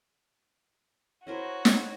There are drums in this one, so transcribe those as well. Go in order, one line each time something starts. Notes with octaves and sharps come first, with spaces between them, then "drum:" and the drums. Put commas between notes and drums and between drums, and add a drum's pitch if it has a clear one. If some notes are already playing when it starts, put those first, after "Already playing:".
E4 F#4 A#4 C5 C#5
drum: snare